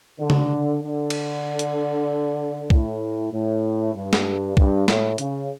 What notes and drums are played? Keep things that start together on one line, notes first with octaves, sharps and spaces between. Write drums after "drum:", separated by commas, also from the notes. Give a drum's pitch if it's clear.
D3
drum: tom C#3
D3
drum: cymbal
drum: hi-hat
A2, drum: kick
A2
G2
drum: snare
G2, drum: kick
A2, drum: snare
C#3, drum: hi-hat